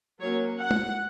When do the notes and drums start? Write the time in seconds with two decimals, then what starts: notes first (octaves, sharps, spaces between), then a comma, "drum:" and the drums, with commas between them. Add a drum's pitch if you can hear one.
0.22 F#3 A#3 C#4 C#5
0.59 F#5
0.71 drum: tom G#3